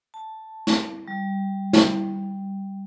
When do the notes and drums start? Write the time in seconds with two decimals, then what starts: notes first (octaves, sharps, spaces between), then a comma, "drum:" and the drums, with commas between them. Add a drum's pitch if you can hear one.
0.14 A5
0.67 drum: snare
1.08 G3
1.73 drum: snare